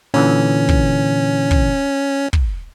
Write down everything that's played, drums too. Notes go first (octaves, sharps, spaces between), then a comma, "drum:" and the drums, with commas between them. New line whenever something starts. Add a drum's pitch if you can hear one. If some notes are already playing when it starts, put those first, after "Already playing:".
A#2 D3 E3 C#4
drum: kick
drum: kick
drum: kick